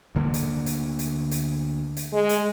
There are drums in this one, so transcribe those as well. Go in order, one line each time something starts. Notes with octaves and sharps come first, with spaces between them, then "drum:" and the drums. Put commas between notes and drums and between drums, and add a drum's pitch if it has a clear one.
D2 D3 A#3
drum: hi-hat
drum: hi-hat
drum: hi-hat
drum: hi-hat
drum: hi-hat
G#3
drum: hi-hat